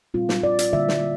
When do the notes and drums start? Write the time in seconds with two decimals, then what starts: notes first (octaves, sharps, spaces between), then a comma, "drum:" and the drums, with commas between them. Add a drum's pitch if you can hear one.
0.14 A#2 G3 C4 F4
0.29 drum: snare
0.43 D5
0.59 drum: hi-hat
0.73 D3 G3 A#3 E5
0.88 drum: snare